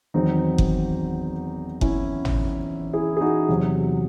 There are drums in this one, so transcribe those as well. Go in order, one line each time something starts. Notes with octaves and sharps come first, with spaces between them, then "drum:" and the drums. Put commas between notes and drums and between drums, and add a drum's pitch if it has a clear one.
E2 D#3 F#3 C4 D#4
drum: kick F#1
C#4 E4, drum: kick F#1
drum: tom G#1
E4 G#4
G#4
D#4 F#4
E2 C3 F#3